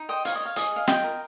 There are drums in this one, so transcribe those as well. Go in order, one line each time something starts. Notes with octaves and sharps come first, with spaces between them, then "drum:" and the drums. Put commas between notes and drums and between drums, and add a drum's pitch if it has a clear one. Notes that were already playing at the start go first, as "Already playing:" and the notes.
Already playing: D#4
C5 D#5 G5
C#5 F5, drum: hi-hat
D#5
C#5 F5
G#4 D#5, drum: hi-hat
G#4 F5
F4 D#5 G5, drum: snare
A#4